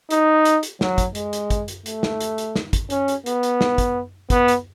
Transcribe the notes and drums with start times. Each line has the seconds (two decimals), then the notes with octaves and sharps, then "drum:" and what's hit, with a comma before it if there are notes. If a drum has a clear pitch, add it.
0.11 D#4, drum: hi-hat
0.45 drum: hi-hat
0.63 drum: hi-hat
0.81 F#3, drum: snare
0.98 drum: kick, hi-hat
1.15 G#3, drum: hi-hat
1.33 drum: hi-hat
1.50 drum: kick, hi-hat
1.68 drum: hi-hat
1.86 A3, drum: hi-hat
2.03 drum: snare
2.21 drum: hi-hat
2.38 drum: hi-hat
2.56 drum: snare
2.73 drum: kick, hi-hat
2.90 C#4, drum: hi-hat
3.08 drum: hi-hat
3.26 B3, drum: hi-hat
3.43 drum: hi-hat
3.61 drum: snare
3.78 drum: kick, hi-hat
4.30 B3, drum: kick, hi-hat
4.48 drum: hi-hat